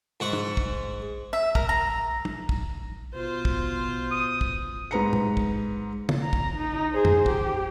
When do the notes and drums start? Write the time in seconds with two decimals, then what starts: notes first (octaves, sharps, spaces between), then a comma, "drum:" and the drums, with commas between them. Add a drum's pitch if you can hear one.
0.20 G#2 F#5 C#6
0.33 drum: tom
0.57 drum: kick
1.33 E5
1.55 A#4, drum: kick
1.69 A#5
2.25 drum: tom
2.49 drum: kick
3.14 B2 F4 C5
3.45 drum: kick
4.11 D#6
4.41 drum: kick
4.91 G#2 B4 A#5 C#7
5.13 drum: tom A2
5.37 drum: kick
6.09 drum: tom
6.22 A#5
6.33 drum: kick
6.57 D#4
6.92 G#4 C5
7.05 drum: tom F2
7.26 G4, drum: kick